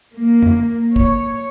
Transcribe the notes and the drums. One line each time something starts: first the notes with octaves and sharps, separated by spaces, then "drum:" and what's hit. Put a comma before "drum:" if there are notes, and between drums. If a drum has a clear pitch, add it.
A#3
drum: tom
C#5, drum: kick